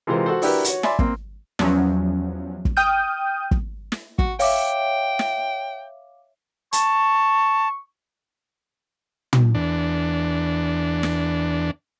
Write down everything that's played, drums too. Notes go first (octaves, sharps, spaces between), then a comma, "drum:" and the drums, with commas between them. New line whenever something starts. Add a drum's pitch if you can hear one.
C3 E3 G#3 F4 A#4 C5
F#4 A4 C5
D4 E4 F#4 G4 A#4 B4, drum: open hi-hat
F#4 C#5, drum: hi-hat
D5 E5 G#5 B5 C6, drum: snare
A#3 C4, drum: kick
E2 F3 F#3 C#4, drum: snare
drum: kick
G5 D#6 F6 G6 D#7
drum: kick
drum: snare
F#4, drum: kick
C#5 E5 F5 G5 D6, drum: open hi-hat
drum: snare
A5 C#6, drum: hi-hat
drum: tom
E2 D4
drum: snare